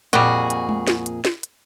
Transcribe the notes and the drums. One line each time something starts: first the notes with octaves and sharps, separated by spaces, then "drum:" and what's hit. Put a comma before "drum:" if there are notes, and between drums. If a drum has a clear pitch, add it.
F2 A#2 G3 F#4 G#4, drum: hi-hat
drum: hi-hat
drum: tom G#3
drum: snare
drum: hi-hat
drum: snare
drum: hi-hat